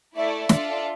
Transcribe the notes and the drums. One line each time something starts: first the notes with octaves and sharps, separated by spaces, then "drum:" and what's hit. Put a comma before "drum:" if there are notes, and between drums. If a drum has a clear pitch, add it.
A3 E4 A4 D5 E5
E5
D4 F4 A4 D5, drum: snare